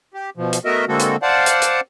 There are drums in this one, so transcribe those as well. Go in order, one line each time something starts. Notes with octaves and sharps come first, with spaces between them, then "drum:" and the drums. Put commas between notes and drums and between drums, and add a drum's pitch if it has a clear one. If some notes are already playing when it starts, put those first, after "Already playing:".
G4
B2 F3
drum: hi-hat
A3 B3 F#4 A#4 D#5 E5
D3 G#3 A#3 C4 F#4 A4
drum: hi-hat
C5 D5 F5 F#5 A5
drum: hi-hat
drum: hi-hat